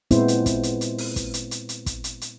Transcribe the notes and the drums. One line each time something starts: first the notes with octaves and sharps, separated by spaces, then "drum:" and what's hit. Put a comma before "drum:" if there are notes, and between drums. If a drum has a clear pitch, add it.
A#2 G#3 B3 C4 E4 C5, drum: hi-hat
drum: hi-hat
drum: kick, hi-hat
drum: hi-hat
drum: hi-hat
drum: open hi-hat
drum: kick, hi-hat
drum: hi-hat
drum: hi-hat
drum: hi-hat
drum: kick, hi-hat
drum: hi-hat
drum: hi-hat